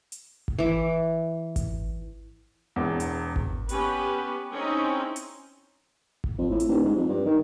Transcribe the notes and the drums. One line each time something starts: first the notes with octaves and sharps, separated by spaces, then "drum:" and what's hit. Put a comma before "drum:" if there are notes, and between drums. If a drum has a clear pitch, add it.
drum: hi-hat
drum: kick G#1
E3 D6
drum: kick G#1, hi-hat
E1 E2
drum: hi-hat
drum: kick G#1
B3 C#4 G4 B4, drum: hi-hat
C4 C#4 D#4 E4 G#4
drum: hi-hat
drum: kick G#1
F2
A2
drum: hi-hat
D#1
G#2
F2
G2
D#3